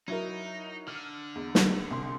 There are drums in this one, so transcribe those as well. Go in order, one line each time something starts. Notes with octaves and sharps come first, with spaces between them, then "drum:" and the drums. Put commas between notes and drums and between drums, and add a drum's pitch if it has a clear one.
F#3 D#4 E4 A#4
D3 F6
E2
drum: snare
C2 C6